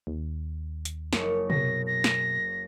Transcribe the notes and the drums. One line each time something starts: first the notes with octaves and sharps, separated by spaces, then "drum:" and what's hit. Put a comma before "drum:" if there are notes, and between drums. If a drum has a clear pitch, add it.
D#2
drum: hi-hat
F#1 C#5, drum: snare
B2 A#6, drum: tom C3
A#6
drum: snare